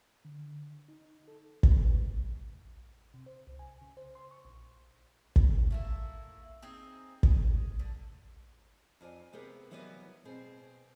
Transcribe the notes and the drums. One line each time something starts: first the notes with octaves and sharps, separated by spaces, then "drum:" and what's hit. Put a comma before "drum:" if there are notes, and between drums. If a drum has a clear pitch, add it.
D3
D#4
A4
B4, drum: kick
G2
C3
C5
C2
G#5
C#3
C5
C6
C#6
A#1
drum: kick
A3 A#3 E4
C4 D#4 G#4
G#3, drum: kick
D3
F2 F4 D5 G#5
C3 B3 G4 G#4 A#4
E3 F#3 G3 B3 C#5 D#5
B2 C4 G#4